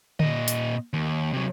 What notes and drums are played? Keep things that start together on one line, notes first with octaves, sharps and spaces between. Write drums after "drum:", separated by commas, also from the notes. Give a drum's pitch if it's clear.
A#2 D#5, drum: tom D3
drum: hi-hat
D#2
C3 F#3